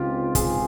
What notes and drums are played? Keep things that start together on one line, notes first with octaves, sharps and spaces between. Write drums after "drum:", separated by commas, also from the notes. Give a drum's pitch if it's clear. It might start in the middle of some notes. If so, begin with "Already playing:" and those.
Already playing: C#2 C#3 G#3 C4 D#4 F4 G4
G#4, drum: kick, hi-hat